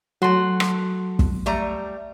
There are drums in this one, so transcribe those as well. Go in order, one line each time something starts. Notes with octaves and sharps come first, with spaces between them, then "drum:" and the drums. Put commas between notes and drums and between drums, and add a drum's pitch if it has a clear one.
F#3 A3 F#4 C6
drum: rim click
drum: kick
G3 A3 A#5